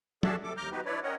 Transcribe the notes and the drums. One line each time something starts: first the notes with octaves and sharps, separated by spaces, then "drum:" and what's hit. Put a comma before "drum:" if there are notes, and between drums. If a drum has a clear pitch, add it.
F#4 G#4 A4 D5 E5 A5, drum: tom F#3
C3 A4 D6
D#2 A#5 D6 F6 G6
B3 D#4 F#4 G4 B4
D4 E4 B4 C#5 D5
C4 C#4 A#4 C#5 D#5 F#5